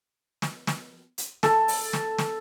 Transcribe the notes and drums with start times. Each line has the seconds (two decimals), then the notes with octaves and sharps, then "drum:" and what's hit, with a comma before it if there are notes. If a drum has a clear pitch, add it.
0.42 drum: snare
0.67 drum: snare
1.18 drum: hi-hat
1.43 A4, drum: snare
1.68 drum: open hi-hat
1.93 drum: snare
2.18 drum: snare